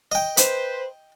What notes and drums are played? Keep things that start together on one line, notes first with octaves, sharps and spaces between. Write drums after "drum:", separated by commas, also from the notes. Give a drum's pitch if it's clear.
D#5 G5
B4 C5, drum: hi-hat